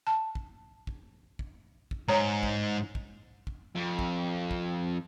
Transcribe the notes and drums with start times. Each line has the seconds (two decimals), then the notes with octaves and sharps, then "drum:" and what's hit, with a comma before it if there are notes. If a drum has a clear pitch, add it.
0.07 A5
0.35 drum: kick
0.87 drum: kick
1.39 drum: kick
1.91 drum: kick
2.08 G#2 C#5 A#5
2.43 drum: kick
2.95 drum: kick
3.47 drum: kick
3.76 F2
3.99 drum: kick
4.51 drum: kick